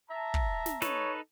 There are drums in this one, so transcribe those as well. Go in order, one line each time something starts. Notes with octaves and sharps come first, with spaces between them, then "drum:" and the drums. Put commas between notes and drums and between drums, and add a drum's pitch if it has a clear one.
E5 A5 A#5
drum: kick
drum: snare
D#4 A4 B4 C#5, drum: snare